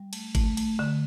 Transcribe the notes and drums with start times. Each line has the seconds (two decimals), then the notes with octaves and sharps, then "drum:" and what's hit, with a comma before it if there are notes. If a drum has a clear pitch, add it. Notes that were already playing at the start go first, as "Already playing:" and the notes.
Already playing: G3
0.13 A3, drum: cymbal
0.35 A3, drum: kick, cymbal
0.57 A3, drum: cymbal
0.79 D3